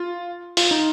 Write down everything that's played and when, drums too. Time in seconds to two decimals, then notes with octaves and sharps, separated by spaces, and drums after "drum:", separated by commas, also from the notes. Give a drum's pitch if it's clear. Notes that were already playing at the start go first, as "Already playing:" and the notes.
Already playing: F4
0.57 F4, drum: open hi-hat
0.71 D#4